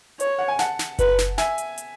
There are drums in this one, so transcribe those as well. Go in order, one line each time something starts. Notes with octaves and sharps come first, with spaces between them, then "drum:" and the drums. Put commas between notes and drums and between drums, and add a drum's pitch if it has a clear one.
C#5, drum: hi-hat
F#5
G#5
F#5 A5, drum: snare
drum: snare
B4, drum: kick F#1, hi-hat
drum: snare
E5 G#5, drum: snare
drum: hi-hat
drum: hi-hat